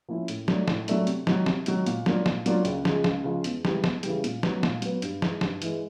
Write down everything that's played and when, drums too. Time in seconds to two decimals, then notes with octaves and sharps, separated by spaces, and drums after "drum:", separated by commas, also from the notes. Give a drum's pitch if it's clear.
0.08 F3 A#3 C#4 E4
0.28 A2, drum: hi-hat
0.48 F#3 A3 D4, drum: snare
0.68 A2, drum: snare
0.88 F#3 A3 D4, drum: hi-hat
1.07 C3, drum: hi-hat
1.27 D#3 F#3, drum: snare
1.46 C3, drum: snare
1.66 D#3 F#3, drum: hi-hat
1.86 A#2, drum: hi-hat
2.06 F#3 A#3 D4 F4, drum: snare
2.26 A#2, drum: snare
2.46 F#3 A#3 D4 F4, drum: hi-hat
2.65 C#2, drum: hi-hat
2.85 C#3 F3 G#3, drum: snare
3.04 C#2, drum: snare
3.24 C#3 F3 G#3
3.44 E2, drum: hi-hat
3.65 C#3 E3 G3, drum: snare
3.84 E2, drum: snare
4.03 C#3 E3 G3, drum: hi-hat
4.24 A#2, drum: hi-hat
4.43 F#3 B3, drum: snare
4.63 A#2, drum: snare
4.82 F#3 B3, drum: hi-hat
5.02 G2, drum: hi-hat
5.22 E3 G#3, drum: snare
5.41 G2, drum: snare
5.62 E3 G#3, drum: hi-hat